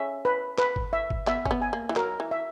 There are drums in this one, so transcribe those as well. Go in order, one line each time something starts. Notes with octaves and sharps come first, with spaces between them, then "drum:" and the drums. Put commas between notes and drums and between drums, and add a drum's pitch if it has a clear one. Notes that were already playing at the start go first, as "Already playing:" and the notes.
Already playing: C#3 C#4 E5
B4
B4, drum: clap
drum: kick G1
E5
drum: kick G1
B3 E5, drum: clap
C#4, drum: kick G1
B3
G#5
A#3
E3
F#3 A#4, drum: clap
E3
E5